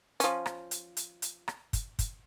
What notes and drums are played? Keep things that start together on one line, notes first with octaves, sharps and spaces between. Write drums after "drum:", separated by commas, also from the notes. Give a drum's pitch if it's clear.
F3 C#4, drum: hi-hat
drum: rim click
drum: hi-hat
drum: hi-hat
drum: hi-hat
drum: rim click
drum: kick, hi-hat
drum: kick, hi-hat